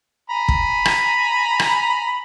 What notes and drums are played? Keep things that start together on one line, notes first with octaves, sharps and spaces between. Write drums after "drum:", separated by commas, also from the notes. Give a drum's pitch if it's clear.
G#5 A#5 B5
drum: kick
drum: rim click
drum: rim click